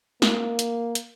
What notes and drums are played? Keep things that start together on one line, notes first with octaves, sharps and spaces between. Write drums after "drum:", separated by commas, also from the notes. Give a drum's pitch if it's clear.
A#3, drum: snare
drum: hi-hat
drum: hi-hat